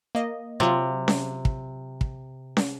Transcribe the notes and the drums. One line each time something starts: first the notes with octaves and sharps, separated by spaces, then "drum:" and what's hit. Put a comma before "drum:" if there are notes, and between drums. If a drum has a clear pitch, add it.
A#3 D#5
C3 F#3 F4
drum: snare C#4
drum: kick
drum: kick
drum: snare C#4